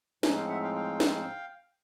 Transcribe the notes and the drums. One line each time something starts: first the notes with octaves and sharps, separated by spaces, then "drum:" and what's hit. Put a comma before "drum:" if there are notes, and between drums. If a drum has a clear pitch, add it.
A2 F3 G#3 C4 D#4 G#5 A#5, drum: snare
F5 G5
E5 F#5
F5 G5
F5 G5
drum: snare